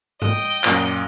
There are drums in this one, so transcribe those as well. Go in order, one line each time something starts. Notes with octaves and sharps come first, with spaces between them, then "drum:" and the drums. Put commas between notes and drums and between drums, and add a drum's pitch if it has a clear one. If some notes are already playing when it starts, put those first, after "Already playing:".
D#5 G5, drum: tom
F#2 A#2 A#6, drum: clap